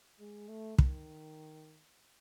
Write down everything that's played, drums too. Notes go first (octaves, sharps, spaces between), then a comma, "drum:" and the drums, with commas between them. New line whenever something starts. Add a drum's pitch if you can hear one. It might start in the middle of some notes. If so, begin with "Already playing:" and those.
G#3
A3
D#3, drum: kick